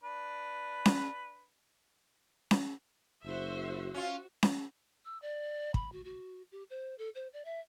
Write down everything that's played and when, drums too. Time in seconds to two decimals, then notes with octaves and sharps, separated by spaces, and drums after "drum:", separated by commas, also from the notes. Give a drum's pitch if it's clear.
0.03 D4 B4
0.85 drum: snare C#4
2.51 drum: snare C#4
3.24 F#1 F#4 C5 E5
3.94 C#4 F4 F#4
4.43 drum: snare C#4
5.05 E6
5.22 D5
5.74 B5, drum: kick
5.92 F#4
6.04 F#4
6.51 G4
6.70 C5
6.98 A4
7.15 C5
7.33 D5
7.45 E5